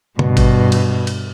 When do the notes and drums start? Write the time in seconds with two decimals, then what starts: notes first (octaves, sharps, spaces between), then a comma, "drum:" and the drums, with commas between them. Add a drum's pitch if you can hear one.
0.19 G2 B2, drum: tom C#3
0.37 drum: kick, cymbal
0.72 drum: cymbal
1.07 drum: cymbal